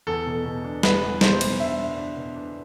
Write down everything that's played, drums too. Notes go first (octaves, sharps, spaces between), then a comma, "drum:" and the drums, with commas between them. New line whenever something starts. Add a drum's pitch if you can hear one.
E2 A4
B2
B2
D4
E2 B4, drum: snare
E2
B2 C5, drum: snare
B2, drum: cymbal
D4 E5
D4
D4
B2
D4